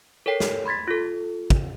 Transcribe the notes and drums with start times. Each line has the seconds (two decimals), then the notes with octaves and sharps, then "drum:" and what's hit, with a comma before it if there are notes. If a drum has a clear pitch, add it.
0.26 A4 A#4 C#5 G5 B6 C7
0.40 drum: snare
0.66 B5 C6 G#6 A6 B6
0.88 F4 A4
1.50 drum: kick